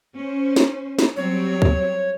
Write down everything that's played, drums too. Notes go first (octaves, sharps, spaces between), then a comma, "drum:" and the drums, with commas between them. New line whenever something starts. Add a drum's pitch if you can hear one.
C#4 C5
drum: snare
drum: snare
F#3 G3 C4 C#5
drum: kick